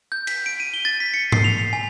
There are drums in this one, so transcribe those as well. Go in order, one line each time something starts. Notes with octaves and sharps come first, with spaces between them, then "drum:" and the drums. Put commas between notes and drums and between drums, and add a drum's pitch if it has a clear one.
G6
B6, drum: cymbal
D7
D#7
G7
A6
B6
C#7
C7, drum: tom G#2
F7
C7
G#5